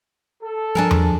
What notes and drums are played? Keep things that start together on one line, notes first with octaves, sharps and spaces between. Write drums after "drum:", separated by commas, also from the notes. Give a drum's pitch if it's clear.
A4
F3 D4 G#4 A#4
drum: tom E2